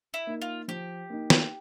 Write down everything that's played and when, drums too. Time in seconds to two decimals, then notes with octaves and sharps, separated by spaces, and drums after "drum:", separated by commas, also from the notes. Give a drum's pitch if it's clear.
0.14 E4
0.27 A#3 D#4
0.42 F4
0.68 F3 G4
1.10 A#3 D#4
1.30 drum: snare